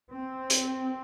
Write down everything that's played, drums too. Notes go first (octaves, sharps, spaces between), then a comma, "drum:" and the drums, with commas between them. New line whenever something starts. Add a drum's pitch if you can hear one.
C4
drum: hi-hat